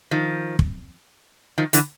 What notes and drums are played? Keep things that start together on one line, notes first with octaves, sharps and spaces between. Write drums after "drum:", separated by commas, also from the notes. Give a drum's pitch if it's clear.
D#3 F3
drum: kick
D#3 F3
D3 E3, drum: hi-hat